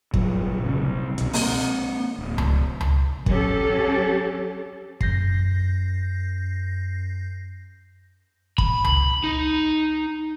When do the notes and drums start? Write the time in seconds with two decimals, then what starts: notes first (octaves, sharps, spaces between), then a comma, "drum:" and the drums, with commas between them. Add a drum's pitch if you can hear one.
0.14 A#2 F#3 G3, drum: kick
0.62 F1 C#3
0.79 C2
1.18 C2 B2, drum: hi-hat
1.33 A#3 C4, drum: open hi-hat
2.18 D1
2.38 drum: tom C#2
2.80 drum: tom C#2
3.26 F#3 C#4 G4 A4, drum: kick
5.01 F#2 G6 A#6 C7, drum: kick
8.58 B5, drum: kick
8.84 drum: tom C#2
9.24 D#4